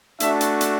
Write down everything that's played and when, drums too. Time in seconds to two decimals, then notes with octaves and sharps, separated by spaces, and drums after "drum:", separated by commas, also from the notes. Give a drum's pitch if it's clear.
0.20 A3 D4 F#4 E5, drum: hi-hat
0.41 drum: hi-hat
0.61 drum: hi-hat